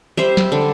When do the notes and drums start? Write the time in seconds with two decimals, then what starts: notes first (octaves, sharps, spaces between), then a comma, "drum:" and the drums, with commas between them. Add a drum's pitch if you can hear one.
0.17 G3 C5 E5
0.37 drum: snare
0.52 D3